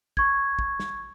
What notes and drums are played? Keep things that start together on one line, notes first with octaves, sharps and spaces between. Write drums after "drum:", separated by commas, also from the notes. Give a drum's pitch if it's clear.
C#6 G#6, drum: kick
drum: kick
drum: snare